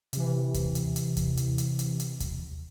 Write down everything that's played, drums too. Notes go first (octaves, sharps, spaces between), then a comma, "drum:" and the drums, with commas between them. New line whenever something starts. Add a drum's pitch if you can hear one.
C3 E3, drum: hi-hat
drum: kick D#2, hi-hat
drum: hi-hat
drum: hi-hat
drum: kick D#2, hi-hat
drum: hi-hat
drum: hi-hat
drum: hi-hat
drum: hi-hat
drum: kick D#2, hi-hat